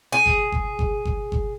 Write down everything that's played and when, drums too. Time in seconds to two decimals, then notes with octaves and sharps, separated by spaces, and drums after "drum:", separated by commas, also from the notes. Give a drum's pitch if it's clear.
0.12 G#4
0.26 drum: kick G1
0.52 drum: kick G1
0.79 drum: kick G1
1.05 drum: kick G1
1.32 drum: kick G1